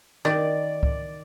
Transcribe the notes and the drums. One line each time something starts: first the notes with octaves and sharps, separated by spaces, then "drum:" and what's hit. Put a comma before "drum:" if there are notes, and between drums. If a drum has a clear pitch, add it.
D#3 D5, drum: rim click
drum: kick C#2